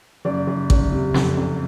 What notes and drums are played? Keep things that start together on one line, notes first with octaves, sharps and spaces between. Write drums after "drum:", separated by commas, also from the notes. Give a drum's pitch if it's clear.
F#1 D5
F#1
F#1, drum: kick A1
C3
F2, drum: snare
F2